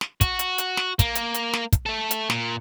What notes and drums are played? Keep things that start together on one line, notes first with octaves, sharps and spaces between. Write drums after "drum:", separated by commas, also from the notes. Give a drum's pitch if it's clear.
drum: snare
F#4, drum: kick, hi-hat
drum: hi-hat
drum: hi-hat
drum: snare
A#3, drum: kick, hi-hat
drum: hi-hat
drum: hi-hat
drum: snare
drum: kick, hi-hat
A3 A4
drum: hi-hat
A#2, drum: snare